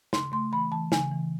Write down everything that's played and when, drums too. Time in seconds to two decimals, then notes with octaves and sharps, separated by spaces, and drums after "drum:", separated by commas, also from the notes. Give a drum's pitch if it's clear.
0.13 C#3 C6, drum: snare
0.32 A3 C6
0.52 E3 B5
0.72 E3 A5
0.92 C#3 G#5, drum: snare
1.12 E3